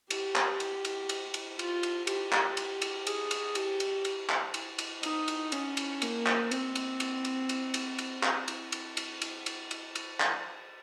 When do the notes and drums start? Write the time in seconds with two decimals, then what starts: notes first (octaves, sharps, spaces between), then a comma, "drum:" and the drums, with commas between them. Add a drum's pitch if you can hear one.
0.10 G4, drum: cymbal
0.35 drum: clap
0.60 drum: cymbal
0.85 drum: cymbal
1.09 drum: cymbal
1.34 drum: cymbal
1.59 F4, drum: cymbal
1.83 drum: cymbal
2.07 G4, drum: cymbal
2.32 drum: clap
2.57 drum: cymbal
2.82 drum: cymbal
3.07 G#4, drum: cymbal
3.31 drum: cymbal
3.55 G4, drum: cymbal
3.80 drum: cymbal
4.05 drum: cymbal
4.29 drum: clap
4.54 drum: cymbal
4.79 drum: cymbal
5.03 D#4, drum: cymbal
5.28 drum: cymbal
5.52 C#4, drum: cymbal
5.77 drum: cymbal
6.02 A#3, drum: cymbal
6.26 drum: clap
6.51 C4, drum: cymbal
6.75 drum: cymbal
7.00 drum: cymbal
7.25 drum: cymbal
7.49 drum: cymbal
7.74 drum: cymbal
7.99 drum: cymbal
8.23 drum: clap
8.48 drum: cymbal
8.72 drum: cymbal
8.97 drum: cymbal
9.22 drum: cymbal
9.46 drum: cymbal
9.71 drum: cymbal
9.95 drum: cymbal
10.20 drum: clap